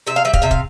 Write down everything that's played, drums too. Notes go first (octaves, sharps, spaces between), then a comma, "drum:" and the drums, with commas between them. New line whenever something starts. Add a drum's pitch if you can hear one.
C3 E5
F5
G3 E5
F5, drum: kick
C3 E5
F5, drum: kick